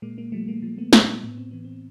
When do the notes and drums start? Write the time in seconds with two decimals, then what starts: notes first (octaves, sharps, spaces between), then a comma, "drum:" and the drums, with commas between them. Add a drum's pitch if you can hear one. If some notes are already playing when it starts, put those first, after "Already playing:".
0.02 A#2 G#3 A#3
0.18 G#3 A#3
0.32 F3 G3 A3
0.48 G#3 A#3
0.62 F3 G#3
0.78 A3 B3
0.93 A#2 G3 A3, drum: snare
1.08 G#3 A#3
1.23 A2 B3
1.38 C4
1.51 E3 B3
1.65 C4